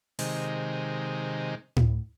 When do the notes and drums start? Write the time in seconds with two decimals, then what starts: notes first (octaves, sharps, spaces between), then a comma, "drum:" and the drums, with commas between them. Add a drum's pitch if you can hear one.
0.19 C3 D#3 G#3, drum: open hi-hat
1.76 drum: tom A2